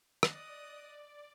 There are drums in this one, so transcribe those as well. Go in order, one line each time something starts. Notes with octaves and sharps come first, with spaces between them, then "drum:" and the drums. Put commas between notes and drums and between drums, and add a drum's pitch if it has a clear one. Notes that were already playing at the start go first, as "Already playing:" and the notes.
D5 D#5 D#6 F#6, drum: rim click